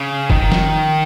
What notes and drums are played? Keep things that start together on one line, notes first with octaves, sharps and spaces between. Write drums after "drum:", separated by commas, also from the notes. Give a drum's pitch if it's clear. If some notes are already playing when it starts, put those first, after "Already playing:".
Already playing: C#3
D#3, drum: kick
drum: snare F3